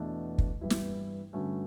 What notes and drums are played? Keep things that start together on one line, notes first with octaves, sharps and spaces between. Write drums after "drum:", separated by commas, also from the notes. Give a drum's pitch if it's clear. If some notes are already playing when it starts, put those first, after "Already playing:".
Already playing: E2 B2 A3 D4
drum: kick
G2 E3 G3 B3 E4
drum: snare
G2 D3 A3 C#4 F#4